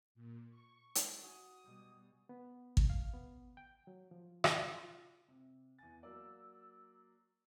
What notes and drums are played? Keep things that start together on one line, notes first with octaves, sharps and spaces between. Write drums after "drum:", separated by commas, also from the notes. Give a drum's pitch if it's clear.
A#2
C#6
drum: hi-hat
F#4 G#5 D#6
B2 G3
B3
drum: kick
F5
B3
G5
F#3
F3
C#3, drum: rim click
F4
C3
E2 G#5 A6
F#3 A#3 D5 E6